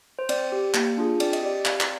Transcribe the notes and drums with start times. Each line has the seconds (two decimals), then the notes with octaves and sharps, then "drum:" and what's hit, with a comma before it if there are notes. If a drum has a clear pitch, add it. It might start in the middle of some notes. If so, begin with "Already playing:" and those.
0.19 C5
0.29 C4 D5, drum: cymbal
0.52 G4
0.74 A#3, drum: clap
0.97 D4 F4 G#4
1.20 C4 D5, drum: cymbal
1.33 D#5, drum: cymbal
1.43 G4 D5
1.65 C4 D5 F5, drum: clap
1.80 drum: clap